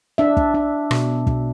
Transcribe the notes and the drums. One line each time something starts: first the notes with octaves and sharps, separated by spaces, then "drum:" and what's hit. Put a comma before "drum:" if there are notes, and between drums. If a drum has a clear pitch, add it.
D4 E5
drum: kick
D4
B2, drum: rim click
B2, drum: kick